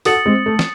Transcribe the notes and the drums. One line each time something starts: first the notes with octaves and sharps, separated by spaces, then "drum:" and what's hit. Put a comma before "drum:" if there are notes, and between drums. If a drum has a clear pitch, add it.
F#4 A4 D#6 A6 C#7 F#7, drum: open hi-hat
G#3 C4
A3
drum: snare